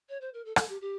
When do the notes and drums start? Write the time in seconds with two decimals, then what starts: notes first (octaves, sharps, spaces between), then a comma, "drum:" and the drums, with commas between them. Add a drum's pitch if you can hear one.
0.09 C#5
0.21 C5
0.33 A#4
0.45 A4
0.56 A4, drum: rim click
0.69 G4
0.81 G4